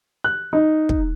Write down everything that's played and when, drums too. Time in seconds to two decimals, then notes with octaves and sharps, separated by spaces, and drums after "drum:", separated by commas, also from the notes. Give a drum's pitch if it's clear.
0.24 F#6
0.53 D#4
0.89 drum: kick